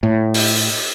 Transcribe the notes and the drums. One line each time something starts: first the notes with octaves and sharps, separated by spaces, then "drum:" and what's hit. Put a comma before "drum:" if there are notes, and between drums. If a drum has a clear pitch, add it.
A2
drum: open hi-hat